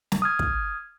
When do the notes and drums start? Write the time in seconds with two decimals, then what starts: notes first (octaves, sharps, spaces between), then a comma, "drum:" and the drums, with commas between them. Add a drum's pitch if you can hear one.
0.12 drum: snare
0.22 D#6 F6 G#6
0.39 drum: kick